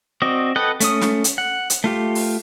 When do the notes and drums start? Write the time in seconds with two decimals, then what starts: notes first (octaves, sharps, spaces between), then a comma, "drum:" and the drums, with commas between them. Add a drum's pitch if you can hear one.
0.22 C4 F#4 D5 D#5
0.56 A4 B4 D#5 F#5 G5
0.80 A3 C#4 D#6, drum: hi-hat
1.01 drum: snare
1.24 drum: hi-hat
1.38 F#5
1.70 drum: hi-hat
1.84 A3 F4 G4
2.15 drum: open hi-hat